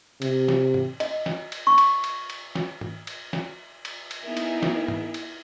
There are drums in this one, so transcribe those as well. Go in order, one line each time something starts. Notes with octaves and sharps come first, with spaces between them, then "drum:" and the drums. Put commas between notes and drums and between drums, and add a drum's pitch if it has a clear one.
C3, drum: cymbal
drum: snare
drum: tom G#2
D#5, drum: cymbal
drum: snare
drum: cymbal
C#6
drum: cymbal
drum: cymbal
drum: cymbal
drum: snare
drum: tom G#2
drum: cymbal
drum: snare
drum: cymbal
drum: cymbal
B3 D#4 E4 G#4 A#4 E5
drum: cymbal
drum: snare
drum: tom G#2
drum: cymbal